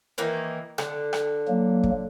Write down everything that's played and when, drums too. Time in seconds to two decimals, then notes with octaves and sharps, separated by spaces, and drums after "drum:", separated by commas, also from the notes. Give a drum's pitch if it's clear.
0.18 D#3 E3 A#3
0.78 D3, drum: rim click
1.13 drum: rim click
1.48 F#3 A#3
1.83 drum: kick